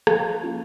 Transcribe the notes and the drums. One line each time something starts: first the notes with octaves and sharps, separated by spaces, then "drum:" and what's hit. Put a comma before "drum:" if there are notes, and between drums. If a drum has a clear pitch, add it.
F3 F5, drum: rim click
A#3 C#4 F4